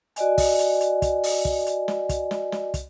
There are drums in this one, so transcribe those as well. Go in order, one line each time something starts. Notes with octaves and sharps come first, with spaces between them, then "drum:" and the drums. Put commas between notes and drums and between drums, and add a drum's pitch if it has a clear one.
F#4 D5 D#5 G#5, drum: hi-hat
drum: kick, open hi-hat
drum: hi-hat
drum: hi-hat
drum: kick, hi-hat
drum: open hi-hat
drum: kick
drum: hi-hat
drum: snare
drum: kick, hi-hat
drum: snare
drum: snare
drum: kick, hi-hat